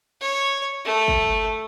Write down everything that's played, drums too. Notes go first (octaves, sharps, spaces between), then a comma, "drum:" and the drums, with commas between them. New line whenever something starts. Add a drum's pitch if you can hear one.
C#5
A3
drum: kick